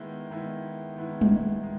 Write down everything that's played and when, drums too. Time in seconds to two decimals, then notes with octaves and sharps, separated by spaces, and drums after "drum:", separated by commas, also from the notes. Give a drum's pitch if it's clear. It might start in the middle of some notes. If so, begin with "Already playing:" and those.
Already playing: D#3 G#3 B3 E4
0.30 D#3 G#3 B3 E4
0.96 D#3 G#3 B3 E4
1.21 drum: tom G3
1.63 D#3 G#3